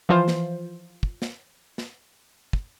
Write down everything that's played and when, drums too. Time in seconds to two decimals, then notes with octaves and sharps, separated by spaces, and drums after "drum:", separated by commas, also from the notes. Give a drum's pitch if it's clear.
0.09 E3 F3 F4 C5
0.28 drum: snare
1.03 drum: kick
1.22 drum: snare
1.78 drum: snare
2.53 drum: kick